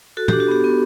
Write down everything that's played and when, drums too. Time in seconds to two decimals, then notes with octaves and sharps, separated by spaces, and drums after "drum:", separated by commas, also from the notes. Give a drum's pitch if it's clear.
0.17 F#4 A4
0.28 D4 G4, drum: tom
0.40 F#4
0.48 B3 G4
0.64 B3